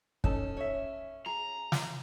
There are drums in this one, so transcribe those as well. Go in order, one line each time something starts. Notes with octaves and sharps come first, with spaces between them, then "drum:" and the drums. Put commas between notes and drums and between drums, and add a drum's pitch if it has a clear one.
C#4 D#4 A4 A5, drum: kick
C#5 E5
G#4 A#5
drum: snare